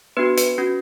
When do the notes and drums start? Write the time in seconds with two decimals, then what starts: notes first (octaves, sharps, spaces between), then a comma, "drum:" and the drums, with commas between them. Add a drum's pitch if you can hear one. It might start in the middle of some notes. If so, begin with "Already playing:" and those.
0.17 B3 D4 F#4 B4
0.38 B4, drum: hi-hat
0.58 C#4 F#4